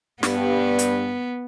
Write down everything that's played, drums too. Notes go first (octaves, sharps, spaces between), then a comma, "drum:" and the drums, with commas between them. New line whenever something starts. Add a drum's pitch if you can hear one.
G2 B3, drum: snare
drum: hi-hat